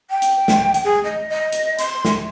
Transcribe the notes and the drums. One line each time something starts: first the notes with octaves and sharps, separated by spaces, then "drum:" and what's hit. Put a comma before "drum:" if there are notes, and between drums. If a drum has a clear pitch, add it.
G5
drum: hi-hat
drum: snare
drum: hi-hat
G#4
D#5
D#5
drum: hi-hat
C6, drum: hi-hat
drum: snare